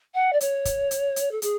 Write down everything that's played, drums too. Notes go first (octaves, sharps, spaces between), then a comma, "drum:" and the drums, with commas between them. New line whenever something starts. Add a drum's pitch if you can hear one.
F#5
D5
C#5, drum: hi-hat
drum: kick, hi-hat
drum: hi-hat
drum: hi-hat
A4
G#4, drum: hi-hat